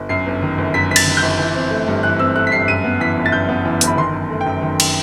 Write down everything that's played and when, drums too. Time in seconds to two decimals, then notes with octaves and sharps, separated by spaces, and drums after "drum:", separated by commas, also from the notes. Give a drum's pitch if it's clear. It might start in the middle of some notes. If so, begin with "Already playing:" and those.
Already playing: G1
0.09 F#2 C7
0.26 G1
0.42 D#3
0.58 G1
0.74 F#2 B6
0.90 G1 B6
0.96 A6, drum: cymbal
1.07 D#3
1.17 G6
1.22 G1
1.39 E3
1.55 C4
1.71 A3
1.88 G2
2.03 E3 F#6
2.19 C4 E6
2.36 A3 F#6
2.47 B6
2.52 G2 C7
2.68 F#2 D#7
2.84 B3
3.00 E3 B6
3.17 G1
3.26 A6
3.32 F#2 G6
3.49 B3
3.65 E3
3.81 G1, drum: hi-hat
3.87 B5
3.97 D#3 C6
4.13 F#2
4.30 A3
4.41 G5
4.46 F#2
4.62 D#3
4.80 drum: cymbal